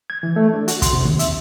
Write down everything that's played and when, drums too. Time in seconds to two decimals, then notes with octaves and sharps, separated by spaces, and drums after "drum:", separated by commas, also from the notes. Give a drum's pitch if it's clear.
0.10 G#6
0.23 E3
0.36 A3
0.54 D4
0.68 F#4, drum: hi-hat
0.82 C6, drum: kick, hi-hat
0.93 C3
1.05 D#2
1.19 E5, drum: hi-hat